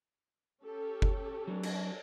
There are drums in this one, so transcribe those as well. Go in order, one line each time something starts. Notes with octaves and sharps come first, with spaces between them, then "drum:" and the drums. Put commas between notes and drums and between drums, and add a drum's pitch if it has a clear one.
C#4 G4 A4
drum: kick F#1
F#3 D4
drum: cymbal